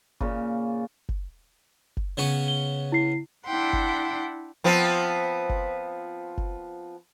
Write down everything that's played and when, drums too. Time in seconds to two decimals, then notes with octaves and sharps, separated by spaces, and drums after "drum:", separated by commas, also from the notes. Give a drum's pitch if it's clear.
0.20 A#2 C#3, drum: kick F#1
1.09 drum: kick F#1
1.97 drum: kick F#1
2.17 C#3 B3 C#4
2.48 G7
2.92 E4 C7
3.46 D4 E4 E5 F#5 G5 C6
3.73 drum: kick F#1
4.64 F3 B3 C4
5.49 drum: kick F#1
6.38 drum: kick F#1